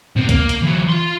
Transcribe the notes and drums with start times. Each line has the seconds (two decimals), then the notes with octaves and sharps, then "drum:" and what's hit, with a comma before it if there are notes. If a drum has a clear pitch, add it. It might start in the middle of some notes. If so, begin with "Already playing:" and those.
0.16 B2 C4
0.29 A#3, drum: kick, hi-hat
0.49 drum: hi-hat
0.62 E3 F#3
0.90 F4 C6